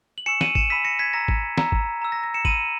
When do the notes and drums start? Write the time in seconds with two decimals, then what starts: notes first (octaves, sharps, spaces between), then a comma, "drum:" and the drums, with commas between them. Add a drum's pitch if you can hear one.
0.18 F#7
0.26 G#5 C#6 E6 C#7 E7
0.41 D#7 F#7, drum: snare
0.55 C#7 E7, drum: kick
0.70 G#5 B5 E6 B6 D#7
0.85 A#6 C#7
0.99 G#6 B6
1.13 A#5 E6 A#6
1.28 drum: kick
1.58 A#5 E6, drum: snare
1.72 drum: kick
2.02 A#5 E6
2.12 A#6
2.23 A#6
2.34 C#7 E7
2.45 B5 E6 D#7 F#7, drum: kick